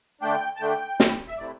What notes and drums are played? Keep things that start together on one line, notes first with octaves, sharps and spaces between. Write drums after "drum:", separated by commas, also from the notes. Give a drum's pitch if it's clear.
D3 A3 D4 G5
A5
D3 A3 D4 G5
C3 A3 C4 E4, drum: snare
E5
C3 A3 C4 E4 D5